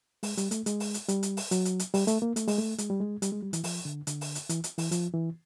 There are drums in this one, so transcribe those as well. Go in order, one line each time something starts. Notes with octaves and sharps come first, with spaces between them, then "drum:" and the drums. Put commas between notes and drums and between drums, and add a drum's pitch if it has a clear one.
G#3, drum: open hi-hat
G3, drum: hi-hat
A3, drum: hi-hat
G#3, drum: hi-hat
drum: open hi-hat
drum: hi-hat
G3, drum: hi-hat
drum: hi-hat
drum: open hi-hat
F#3, drum: hi-hat
drum: hi-hat
drum: hi-hat
G3, drum: open hi-hat
A3, drum: hi-hat
A#3
A3, drum: hi-hat
G#3, drum: open hi-hat
A3
G#3, drum: hi-hat
G3
G#3
G3, drum: hi-hat
G#3
G3
E3, drum: hi-hat
F3, drum: open hi-hat
D3
D3, drum: hi-hat
drum: open hi-hat
drum: hi-hat
E3, drum: hi-hat
drum: hi-hat
E3, drum: open hi-hat
F3, drum: hi-hat
E3